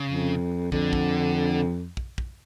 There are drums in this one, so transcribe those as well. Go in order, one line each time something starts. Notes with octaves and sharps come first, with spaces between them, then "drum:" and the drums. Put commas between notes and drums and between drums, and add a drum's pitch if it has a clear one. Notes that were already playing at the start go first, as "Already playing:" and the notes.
Already playing: C#3
F2
F2 D3, drum: kick
drum: kick
drum: kick
drum: kick